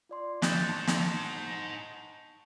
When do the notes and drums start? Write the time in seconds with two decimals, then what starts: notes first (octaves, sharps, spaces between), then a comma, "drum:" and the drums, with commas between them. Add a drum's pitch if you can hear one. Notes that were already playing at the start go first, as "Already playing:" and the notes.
0.09 F4 D5 C6
0.42 D#4 C5 F#6 G6 A6, drum: snare
0.69 A5 C#6
0.87 drum: snare